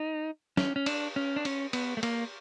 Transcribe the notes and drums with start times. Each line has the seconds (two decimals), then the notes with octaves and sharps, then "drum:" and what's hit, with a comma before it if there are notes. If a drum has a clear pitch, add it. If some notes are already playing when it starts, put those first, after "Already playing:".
Already playing: D#4
0.57 C#4, drum: snare
0.76 C#4
0.86 D4, drum: cymbal
1.16 C#4
1.36 D4
1.45 C#4, drum: cymbal
1.73 B3, drum: cymbal
1.97 A3
2.03 A#3, drum: cymbal